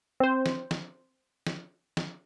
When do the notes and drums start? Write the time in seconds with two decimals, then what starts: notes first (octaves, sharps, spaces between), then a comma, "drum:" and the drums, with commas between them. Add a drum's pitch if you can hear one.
0.20 C4 C5
0.46 drum: snare
0.71 drum: snare
1.47 drum: snare
1.97 drum: snare